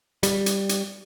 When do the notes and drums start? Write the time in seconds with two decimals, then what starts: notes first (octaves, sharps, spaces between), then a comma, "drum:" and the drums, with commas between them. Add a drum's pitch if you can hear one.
0.23 G3, drum: hi-hat
0.46 drum: hi-hat
0.69 drum: hi-hat